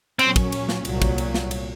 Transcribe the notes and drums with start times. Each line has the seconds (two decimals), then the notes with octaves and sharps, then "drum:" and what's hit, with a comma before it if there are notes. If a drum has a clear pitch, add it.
0.19 A#2 F#3 C4 C#4, drum: cymbal
0.36 drum: kick, cymbal
0.52 drum: cymbal
0.69 drum: snare
0.85 C2 A#2 F#3, drum: cymbal
1.02 drum: kick, cymbal
1.18 drum: cymbal
1.34 drum: snare
1.51 drum: cymbal